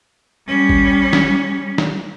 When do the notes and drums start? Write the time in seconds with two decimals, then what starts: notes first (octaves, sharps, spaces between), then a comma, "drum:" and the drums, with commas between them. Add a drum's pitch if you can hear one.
0.48 G3 C#4
0.69 drum: kick G#1
1.13 drum: snare
1.78 drum: snare